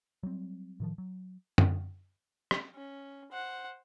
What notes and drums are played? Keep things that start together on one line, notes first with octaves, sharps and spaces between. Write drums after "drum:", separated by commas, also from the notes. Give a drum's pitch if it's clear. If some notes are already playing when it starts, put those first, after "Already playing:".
F#3 G3 C4
A2 D#3 F3
F#3
drum: tom F#2
drum: rim click
C#4
C5 F#5